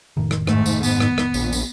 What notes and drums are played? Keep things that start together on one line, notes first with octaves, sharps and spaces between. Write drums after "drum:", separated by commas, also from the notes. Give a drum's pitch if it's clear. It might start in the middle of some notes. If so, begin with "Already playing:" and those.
F1 A2 D#3
drum: rim click
G#2 A3, drum: rim click
drum: tambourine
B3, drum: tambourine
drum: rim click
drum: rim click
A#1, drum: tambourine
drum: tambourine